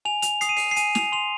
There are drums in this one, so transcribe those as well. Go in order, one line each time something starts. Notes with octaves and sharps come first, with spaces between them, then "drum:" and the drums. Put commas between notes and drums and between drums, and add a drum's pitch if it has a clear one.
G#5 F7
F7, drum: hi-hat
D#6 C7, drum: hi-hat
D#7
C7, drum: open hi-hat
C7
G#5 D#7, drum: hi-hat
F7, drum: snare
C6 F7